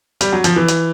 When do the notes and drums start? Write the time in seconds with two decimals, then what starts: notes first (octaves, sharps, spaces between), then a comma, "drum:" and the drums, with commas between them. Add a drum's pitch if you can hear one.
0.21 G3, drum: hi-hat
0.33 F#3
0.44 F3, drum: hi-hat
0.56 E3
0.68 drum: hi-hat